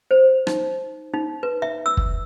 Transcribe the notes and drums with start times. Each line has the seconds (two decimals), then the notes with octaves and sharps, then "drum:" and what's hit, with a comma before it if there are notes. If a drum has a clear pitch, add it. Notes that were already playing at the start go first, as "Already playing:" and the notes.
0.11 C5
0.47 D#4, drum: rim click
1.14 D#4
1.43 B4
1.62 E5
1.86 E6
1.97 drum: kick